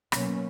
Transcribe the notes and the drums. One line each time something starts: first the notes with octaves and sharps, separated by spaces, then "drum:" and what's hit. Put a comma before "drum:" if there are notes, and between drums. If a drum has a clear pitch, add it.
B2 F#3 A#3 C#4, drum: rim click